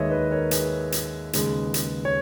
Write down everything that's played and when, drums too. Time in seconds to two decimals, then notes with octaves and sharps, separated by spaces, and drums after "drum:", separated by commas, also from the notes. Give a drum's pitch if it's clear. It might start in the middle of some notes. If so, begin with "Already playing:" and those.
Already playing: D#2 D#3 G#3 B4 C#5 D#5 E5
0.10 B4 D#5
0.31 A#4 C#5
0.51 G#4 B4, drum: hi-hat
0.92 drum: hi-hat
1.33 D#2 C#3 G#3, drum: hi-hat
1.74 drum: hi-hat
2.05 C#5